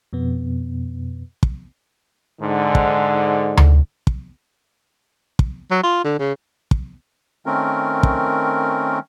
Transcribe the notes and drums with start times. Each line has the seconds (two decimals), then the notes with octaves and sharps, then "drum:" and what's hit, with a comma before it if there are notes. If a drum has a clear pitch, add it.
0.13 F2 B2 B3
1.43 drum: kick
2.42 G#2 D3
2.75 drum: kick
3.57 drum: tom D2
4.07 drum: kick
5.39 drum: kick
5.71 F#3
5.83 F4
6.04 D3
6.19 C#3
6.71 drum: kick
7.46 D#3 A3 C4 C#4 A#4
8.03 drum: kick